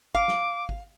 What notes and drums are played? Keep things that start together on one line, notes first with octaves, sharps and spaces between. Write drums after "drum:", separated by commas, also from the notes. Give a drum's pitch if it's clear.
F5 D6, drum: kick
drum: snare
drum: kick